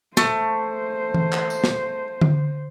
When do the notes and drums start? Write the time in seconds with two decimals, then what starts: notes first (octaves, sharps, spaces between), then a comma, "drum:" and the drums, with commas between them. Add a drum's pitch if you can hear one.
0.17 A3 C5, drum: snare
1.14 drum: tom E3
1.32 drum: clap
1.50 drum: tambourine
1.64 drum: snare
2.21 drum: tom D3